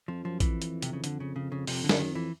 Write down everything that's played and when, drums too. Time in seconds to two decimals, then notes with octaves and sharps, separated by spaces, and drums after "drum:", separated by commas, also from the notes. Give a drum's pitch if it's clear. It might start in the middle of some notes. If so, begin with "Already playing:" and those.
0.08 F2 F3
0.24 F#2 F3
0.40 F2 E3, drum: kick, hi-hat
0.62 drum: hi-hat
0.82 C3, drum: hi-hat
0.93 C#3
1.04 D3, drum: hi-hat
1.20 C#3
1.36 C#3
1.52 C#3
1.67 F2 C3, drum: open hi-hat
1.84 D3
1.89 F#2, drum: snare
1.99 D#3
2.10 F2 E3